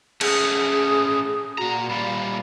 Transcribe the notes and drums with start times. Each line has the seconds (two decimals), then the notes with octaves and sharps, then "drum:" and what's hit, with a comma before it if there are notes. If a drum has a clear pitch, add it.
0.21 A3 C#4 G#4 F#5, drum: cymbal
1.58 A#2 F#4 A#5
1.89 A#2 G3 F4 B5